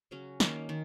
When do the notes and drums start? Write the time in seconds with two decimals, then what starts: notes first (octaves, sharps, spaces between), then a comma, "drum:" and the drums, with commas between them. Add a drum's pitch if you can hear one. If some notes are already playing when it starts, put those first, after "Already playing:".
0.11 C#3 F#3 C#4
0.40 D#3 A#3 C#4, drum: snare
0.69 D#3